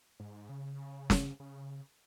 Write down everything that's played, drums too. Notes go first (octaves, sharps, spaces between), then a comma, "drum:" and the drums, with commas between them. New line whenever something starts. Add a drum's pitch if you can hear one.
G#2
C#3
drum: snare
C#3